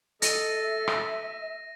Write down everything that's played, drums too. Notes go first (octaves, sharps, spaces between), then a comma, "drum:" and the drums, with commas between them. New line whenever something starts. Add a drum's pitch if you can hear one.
A4 D#5 A#6 D#7, drum: hi-hat
E5
drum: rim click